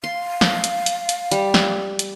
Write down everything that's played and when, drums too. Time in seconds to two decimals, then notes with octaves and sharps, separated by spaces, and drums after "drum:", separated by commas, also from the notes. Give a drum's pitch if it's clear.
0.04 F5 C6
0.41 drum: snare
0.64 drum: hi-hat
0.86 drum: hi-hat
1.09 drum: hi-hat
1.32 G3, drum: hi-hat
1.54 drum: snare
1.99 drum: hi-hat